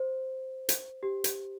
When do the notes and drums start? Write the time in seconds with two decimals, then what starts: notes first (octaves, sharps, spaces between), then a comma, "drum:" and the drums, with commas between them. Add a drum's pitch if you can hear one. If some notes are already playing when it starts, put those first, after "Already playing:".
Already playing: C5
0.69 drum: hi-hat
1.03 G4
1.24 drum: hi-hat